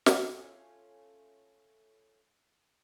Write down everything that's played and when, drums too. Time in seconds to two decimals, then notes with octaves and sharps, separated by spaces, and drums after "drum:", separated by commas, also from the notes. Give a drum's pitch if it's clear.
0.06 A3 C#4 F4, drum: snare